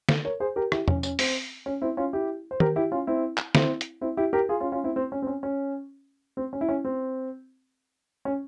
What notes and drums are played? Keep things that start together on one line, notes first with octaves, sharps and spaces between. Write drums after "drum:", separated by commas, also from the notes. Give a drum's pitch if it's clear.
drum: snare
A#4 C#5
G#4 C5
G4 A#4
E4 G4, drum: rim click
C#4, drum: tom E2
C#4, drum: tambourine
C4, drum: open hi-hat
C#4
C4 E4
C#4 F4
E4 G4
C5
G4 A#4, drum: tom
E4 G4
C#4 F4
C4 E4
drum: clap
C4 E4, drum: snare
drum: hi-hat
C4 E4
E4 G4
G4 A#4
F4 G#4
C#4 F4
C#4 F4
C4 E4
C4
C#4
C4
C#4
C#4
C4
C#4
E4
C#4
C4
C#4